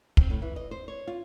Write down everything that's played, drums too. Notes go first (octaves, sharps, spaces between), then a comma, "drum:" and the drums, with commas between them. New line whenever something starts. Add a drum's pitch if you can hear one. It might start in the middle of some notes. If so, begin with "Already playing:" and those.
C4, drum: kick
A2
E3
D#5
C5
C#5
F4